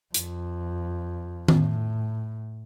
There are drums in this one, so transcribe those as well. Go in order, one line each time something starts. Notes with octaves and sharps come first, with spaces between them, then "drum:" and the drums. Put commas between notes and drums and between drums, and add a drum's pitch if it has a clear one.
F2, drum: hi-hat
A2, drum: tom D#3